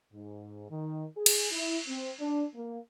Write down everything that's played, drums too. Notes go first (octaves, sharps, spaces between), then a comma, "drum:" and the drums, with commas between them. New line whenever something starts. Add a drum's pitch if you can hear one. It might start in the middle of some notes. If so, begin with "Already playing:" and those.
G#2
D#3
G#4
drum: cymbal
E4
C4
D4
A#3